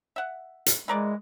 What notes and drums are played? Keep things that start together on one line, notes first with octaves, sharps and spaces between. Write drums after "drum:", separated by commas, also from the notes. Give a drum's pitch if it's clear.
E5 F#5
drum: hi-hat
E3 G#3 A#4 D5